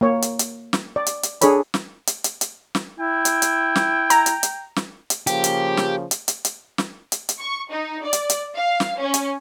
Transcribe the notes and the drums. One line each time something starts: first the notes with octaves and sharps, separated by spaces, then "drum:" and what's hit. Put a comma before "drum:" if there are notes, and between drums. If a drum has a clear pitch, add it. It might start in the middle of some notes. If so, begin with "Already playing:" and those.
A#3 C#5
drum: hi-hat
drum: hi-hat
drum: snare
D5
drum: hi-hat
drum: hi-hat
D4 G#4 A4 C#5 B5, drum: hi-hat
drum: snare
drum: hi-hat
drum: hi-hat
drum: hi-hat
drum: snare
E4 G5
drum: hi-hat
drum: hi-hat
drum: snare
A#5, drum: hi-hat
drum: hi-hat
drum: hi-hat
drum: snare
drum: hi-hat
C#3 F3 A#3 G4, drum: hi-hat
drum: hi-hat
drum: snare
drum: hi-hat
drum: hi-hat
drum: hi-hat
drum: snare
drum: hi-hat
drum: hi-hat
C#6
D#4
D5
drum: hi-hat
drum: hi-hat
F5
drum: snare
C#4
drum: hi-hat